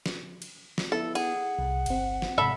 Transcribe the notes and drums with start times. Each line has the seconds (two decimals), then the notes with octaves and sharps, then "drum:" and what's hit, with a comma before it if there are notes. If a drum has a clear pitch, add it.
0.06 drum: snare
0.42 drum: cymbal
0.78 drum: snare
0.92 B3 E4 A4
1.15 G#4 F#5, drum: cymbal
1.59 C2
1.86 G1 C4, drum: cymbal
2.22 drum: snare
2.38 G#2 C3 A4 E5 B5